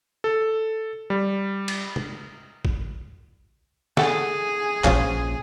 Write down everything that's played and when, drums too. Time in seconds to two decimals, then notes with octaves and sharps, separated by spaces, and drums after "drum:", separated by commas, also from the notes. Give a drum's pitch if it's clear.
0.24 A4
1.10 G3
1.68 drum: cymbal
1.96 drum: tom
2.65 drum: kick
3.97 G#4 A4 F#5, drum: snare
4.84 A#1 F#3 C#4 F4 C5, drum: clap